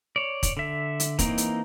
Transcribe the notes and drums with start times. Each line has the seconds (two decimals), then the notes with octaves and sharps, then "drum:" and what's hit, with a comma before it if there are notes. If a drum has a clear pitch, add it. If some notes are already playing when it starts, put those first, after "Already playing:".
0.16 C#5 D5
0.43 drum: kick, hi-hat
0.57 D3 E5
1.00 drum: hi-hat
1.19 E3 A#3 C4 D#4, drum: kick, hi-hat
1.38 drum: hi-hat